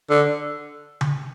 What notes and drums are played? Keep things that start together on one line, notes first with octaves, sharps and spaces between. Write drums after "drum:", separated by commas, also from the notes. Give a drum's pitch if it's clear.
D3
drum: tom C#3